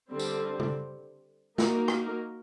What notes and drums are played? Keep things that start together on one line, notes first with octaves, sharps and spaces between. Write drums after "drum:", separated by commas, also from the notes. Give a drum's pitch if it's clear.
D3 G3 C4
drum: tambourine
drum: tom
A#3 D#4 F#4 A#4, drum: snare
drum: rim click